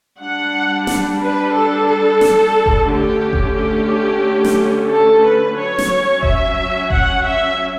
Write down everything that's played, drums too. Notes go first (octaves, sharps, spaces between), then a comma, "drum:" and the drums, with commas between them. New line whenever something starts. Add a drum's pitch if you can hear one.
G3 D4 F#5
drum: snare
B4
A4
drum: snare
drum: kick F1
D3 A3 C#4 G4
drum: kick F1
G4
drum: snare
A4
B4
F#3 C#4 C#5
drum: snare
E5, drum: kick F1
F#5, drum: kick F1
E5